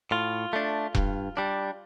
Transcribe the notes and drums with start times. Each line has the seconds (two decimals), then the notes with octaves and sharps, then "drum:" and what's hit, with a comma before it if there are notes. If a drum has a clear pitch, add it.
0.11 A2 F4
0.53 A3 D4
0.95 G2, drum: kick E1
1.37 G3 D4